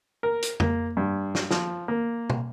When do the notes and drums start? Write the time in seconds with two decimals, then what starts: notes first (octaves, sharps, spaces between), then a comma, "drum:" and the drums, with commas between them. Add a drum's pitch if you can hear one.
0.23 A#4
0.42 drum: hi-hat
0.60 A#3, drum: tom F2
0.97 G2
1.35 drum: snare
1.51 F3, drum: snare
1.88 A#3
2.30 drum: tom B2